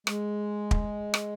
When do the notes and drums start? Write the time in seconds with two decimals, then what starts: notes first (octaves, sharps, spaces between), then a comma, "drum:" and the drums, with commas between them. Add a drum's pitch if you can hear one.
0.07 G#3, drum: rim click
0.71 drum: kick
1.14 drum: rim click